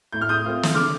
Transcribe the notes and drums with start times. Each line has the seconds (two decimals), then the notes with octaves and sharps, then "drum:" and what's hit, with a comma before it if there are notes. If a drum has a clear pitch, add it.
0.12 A2 G6
0.21 F6
0.29 D#6 G6
0.45 A3 C4 F4
0.63 drum: snare
0.75 D3 D6 F6